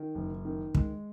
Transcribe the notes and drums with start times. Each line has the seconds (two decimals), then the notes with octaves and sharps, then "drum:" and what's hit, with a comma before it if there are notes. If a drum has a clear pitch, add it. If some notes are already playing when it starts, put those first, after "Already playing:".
Already playing: D#3
0.15 F#1
0.45 D#3
0.75 G#3, drum: kick